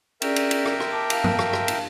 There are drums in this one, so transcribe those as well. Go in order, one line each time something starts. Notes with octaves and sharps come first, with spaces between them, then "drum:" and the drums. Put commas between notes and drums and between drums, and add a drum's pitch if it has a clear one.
C#4 G#4 A#4 D5 E5 G5, drum: cymbal
drum: cymbal
drum: cymbal
drum: rim click
drum: rim click
A5 D6
F5 A5, drum: cymbal
drum: tom G2
drum: rim click
drum: rim click
drum: cymbal